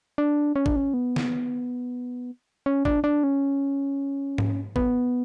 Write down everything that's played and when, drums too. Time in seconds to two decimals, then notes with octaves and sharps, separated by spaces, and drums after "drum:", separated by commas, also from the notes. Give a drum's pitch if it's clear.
0.18 D4
0.56 C#4
0.66 D4, drum: kick G#1
0.76 C#4
0.94 B3
1.16 drum: snare
2.66 C#4
2.85 D4, drum: kick G#1
3.04 D4
3.24 C#4
4.38 drum: tom G#2
4.76 B3, drum: kick G#1